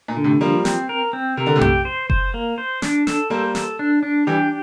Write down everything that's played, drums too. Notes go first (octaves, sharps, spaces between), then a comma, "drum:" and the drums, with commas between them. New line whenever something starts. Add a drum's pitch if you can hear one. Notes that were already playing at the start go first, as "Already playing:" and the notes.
A#2
D3
A2 C3
F3 G3 A#3
C4, drum: snare
A#4
C4
C3 A#4
D3
A2 C3
G4, drum: tom F#2
C5
C5, drum: kick F#1
A#3
C5
D4, drum: snare
A4, drum: snare
G3 A#3 C5
A4, drum: snare
D4
D4
E3 G3 G4